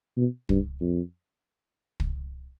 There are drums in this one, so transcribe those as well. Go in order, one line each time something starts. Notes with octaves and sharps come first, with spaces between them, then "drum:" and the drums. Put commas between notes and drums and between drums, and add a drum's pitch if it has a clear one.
B2
G2, drum: kick
F2
drum: kick